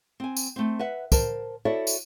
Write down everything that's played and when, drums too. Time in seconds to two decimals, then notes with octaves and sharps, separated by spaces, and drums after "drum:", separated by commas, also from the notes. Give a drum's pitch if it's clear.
0.20 C4 G#5
0.37 drum: tambourine
0.56 A3 C4
0.79 B4 E5 F#5
1.12 A#4 C5 A5, drum: kick, tambourine
1.65 E4 F#4 A4 C#5 D5 E5
1.87 drum: tambourine